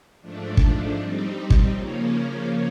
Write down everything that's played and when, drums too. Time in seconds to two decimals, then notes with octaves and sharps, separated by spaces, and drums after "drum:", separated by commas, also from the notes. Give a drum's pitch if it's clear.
0.21 G#2 F3 A3 D4
0.57 drum: kick
0.94 G3 C4 D#4
1.50 drum: kick
1.69 C#3 F3 A#3 C#4